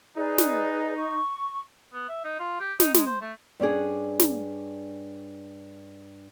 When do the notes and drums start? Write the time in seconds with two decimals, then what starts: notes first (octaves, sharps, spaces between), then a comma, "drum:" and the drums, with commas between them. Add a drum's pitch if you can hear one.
0.17 D#4 G#4 B4 D5
0.38 drum: snare
0.95 C#6
1.93 B3
2.09 E5
2.25 D#4
2.39 F4
2.60 G4
2.80 D#4, drum: snare
2.94 G#3, drum: snare
3.06 C5
3.21 A3
3.60 G2 C#4 D4 G#4
4.19 drum: snare